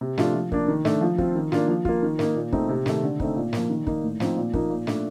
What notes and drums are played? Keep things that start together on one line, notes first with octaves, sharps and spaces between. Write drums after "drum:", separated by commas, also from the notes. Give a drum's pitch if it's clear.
C3
F3 A3 D4 F4, drum: snare
F3
A#3 D4, drum: kick
D#3
A3 D4, drum: snare
F3
C4 F4, drum: kick
D#3
A#3 D4 F4, drum: snare
F3
A#3 F4, drum: kick
D#3
A#3 D#4, drum: snare
A#2
A3 C4 D#4, drum: kick
C3
D#3 A3, drum: snare
D3
A3 C4 D#4, drum: kick
A#2
F3 A#3, drum: snare
D#3
A#3 D#4, drum: kick
A2
F3 C4 D#4, drum: snare
A#2
F3 A#3 D#4, drum: kick
A#2
A3 D4, drum: snare